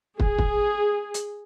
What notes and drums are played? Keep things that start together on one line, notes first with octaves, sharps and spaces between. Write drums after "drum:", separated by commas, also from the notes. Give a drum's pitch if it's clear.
G#4, drum: kick
drum: kick
drum: hi-hat